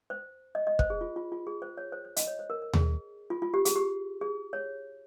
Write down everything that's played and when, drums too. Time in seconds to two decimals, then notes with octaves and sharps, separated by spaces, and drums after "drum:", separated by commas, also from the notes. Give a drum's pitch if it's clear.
0.10 C5
0.55 D#5
0.67 D#5
0.79 C5, drum: kick
0.90 G#4
1.01 F4
1.16 F4
1.32 F4
1.47 G#4
1.62 C5
1.77 C#5
1.92 C5
2.05 C5
2.16 D#5, drum: hi-hat
2.27 C#5
2.39 C5
2.50 A#4
2.62 A#4
2.73 G#4, drum: tom D#2
3.30 F4
3.42 F4
3.54 G4
3.65 G#4, drum: hi-hat
3.76 G4
4.21 G#4
4.53 C#5